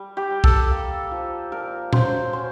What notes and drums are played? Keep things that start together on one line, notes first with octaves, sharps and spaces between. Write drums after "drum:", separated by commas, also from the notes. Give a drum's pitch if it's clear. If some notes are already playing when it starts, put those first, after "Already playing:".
Already playing: G3
G4
G3
A4, drum: kick B1
A#3
F3
A#2 A#4
F#3 C5, drum: tom A#2
C#4 C5